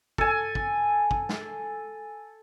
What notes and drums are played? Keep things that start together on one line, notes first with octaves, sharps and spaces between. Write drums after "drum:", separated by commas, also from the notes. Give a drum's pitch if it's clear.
A4 G#5, drum: kick
drum: kick
drum: kick
drum: snare